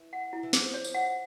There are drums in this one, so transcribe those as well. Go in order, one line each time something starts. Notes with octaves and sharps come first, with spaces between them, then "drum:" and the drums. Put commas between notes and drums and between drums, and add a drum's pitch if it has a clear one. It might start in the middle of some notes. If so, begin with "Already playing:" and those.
Already playing: E3
F#5
E4
E3
F3 G#4, drum: snare
C#5
drum: tambourine
F#5